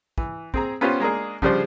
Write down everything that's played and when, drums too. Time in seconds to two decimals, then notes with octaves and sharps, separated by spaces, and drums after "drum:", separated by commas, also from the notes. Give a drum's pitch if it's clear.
0.18 E3, drum: kick
0.54 C4 G#4 A#5, drum: kick
0.81 B3 C#4 F4 G4 C5
1.00 G#3 A#3 D4 G#4
1.42 C#3 F3 G3 D4 G#4 C5, drum: kick